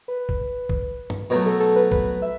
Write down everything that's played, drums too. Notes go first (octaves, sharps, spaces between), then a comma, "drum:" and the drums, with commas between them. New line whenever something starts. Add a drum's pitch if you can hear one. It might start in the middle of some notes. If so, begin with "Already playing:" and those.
B4
drum: kick B1
drum: kick B1
drum: tom G2
B2 F#3 A3 B4
A4
A4
B4
B4, drum: kick B1
E5